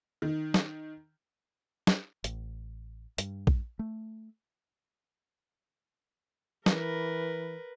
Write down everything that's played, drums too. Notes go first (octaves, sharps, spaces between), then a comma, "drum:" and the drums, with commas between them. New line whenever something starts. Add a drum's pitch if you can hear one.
D#3
drum: snare
drum: snare
A1, drum: hi-hat
G2, drum: hi-hat
drum: kick A#1
A3
E3 A#4 B4, drum: snare